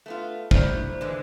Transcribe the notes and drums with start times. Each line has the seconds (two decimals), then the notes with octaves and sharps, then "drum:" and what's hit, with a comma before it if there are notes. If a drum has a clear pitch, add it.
0.06 A3 B3 F4
0.51 D3 D#3 E4 C5 D5, drum: kick
1.01 D3 E3 G#3